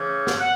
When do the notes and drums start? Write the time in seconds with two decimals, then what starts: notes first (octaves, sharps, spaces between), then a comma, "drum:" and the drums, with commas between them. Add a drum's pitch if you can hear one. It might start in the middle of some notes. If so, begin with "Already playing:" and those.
Already playing: C#3 E3 A3 C#4
0.27 drum: snare
0.40 F#5